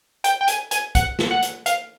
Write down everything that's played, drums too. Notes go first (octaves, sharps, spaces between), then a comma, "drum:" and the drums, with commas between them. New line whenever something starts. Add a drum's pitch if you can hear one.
G5, drum: hi-hat
G5
G#5, drum: hi-hat
G#5, drum: hi-hat
F#5, drum: kick, hi-hat
drum: snare
F#5
drum: hi-hat
F5, drum: hi-hat